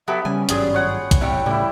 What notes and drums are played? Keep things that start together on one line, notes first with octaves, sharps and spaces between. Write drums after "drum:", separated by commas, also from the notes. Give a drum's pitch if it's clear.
F#3 B3 G4 A4 E5
C#3 G3 C#4 G#5
G#1 G2 F#3 G3 F4 G#4, drum: hi-hat
F4 F#4 G#4 C#5 F#5 G5
drum: kick, hi-hat
A1 C3 G3 E4 C#5 G5
A2 C#3 E3 G3 E4 G4